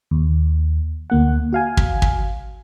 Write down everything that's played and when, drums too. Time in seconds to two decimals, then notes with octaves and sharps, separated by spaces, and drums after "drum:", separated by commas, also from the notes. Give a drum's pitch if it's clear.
0.11 D#2
1.10 D2 A#3 F#5
1.53 F#4 F5 G#5
1.77 drum: kick
2.02 drum: kick